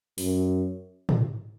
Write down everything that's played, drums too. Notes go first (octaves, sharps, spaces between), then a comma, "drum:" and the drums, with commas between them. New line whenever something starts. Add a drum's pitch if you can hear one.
F#2, drum: open hi-hat
drum: tom